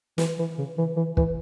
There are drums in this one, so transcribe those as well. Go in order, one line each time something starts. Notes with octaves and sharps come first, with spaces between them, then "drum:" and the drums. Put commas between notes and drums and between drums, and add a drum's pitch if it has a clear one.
E3, drum: snare
E3
C#3
E3
E3
E3, drum: kick